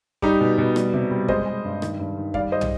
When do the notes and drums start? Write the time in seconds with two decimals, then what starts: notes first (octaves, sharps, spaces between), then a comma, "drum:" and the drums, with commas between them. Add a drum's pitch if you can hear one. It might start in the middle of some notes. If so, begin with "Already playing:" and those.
0.22 G3 D#4 G4, drum: kick F#2
0.41 B2
0.58 B2
0.76 G3, drum: rim click
0.93 C3
1.11 G3
1.28 G#3 C5 D#5, drum: kick F#2
1.46 G#3
1.64 G2
1.82 D#3, drum: rim click
1.99 G2
2.17 D#3
2.34 G3 D5 F5, drum: kick F#2
2.52 G3 C5 D#5
2.61 drum: tom